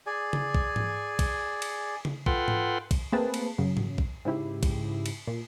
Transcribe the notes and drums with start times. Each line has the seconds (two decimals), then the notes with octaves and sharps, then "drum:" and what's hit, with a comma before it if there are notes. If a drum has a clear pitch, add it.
0.06 G#4 D5 G#5
0.33 drum: tom C#3
0.55 drum: kick A#1
0.76 drum: tom G#2
1.19 drum: kick A#1, cymbal
1.62 drum: cymbal
2.05 drum: tom C#3
2.26 F4 A4 B4 F#5 G5 C6, drum: kick A#1
2.48 drum: tom G#2
2.91 drum: kick A#1, cymbal
3.12 A3 A#3 C4 G#4 B4 A5
3.34 drum: cymbal
3.58 F#2 C#3 F#3
3.77 drum: tom G#2
3.98 drum: kick A#1
4.25 G#2 C#3 E4 G4
4.63 drum: kick A#1, cymbal
5.06 drum: cymbal
5.27 A#2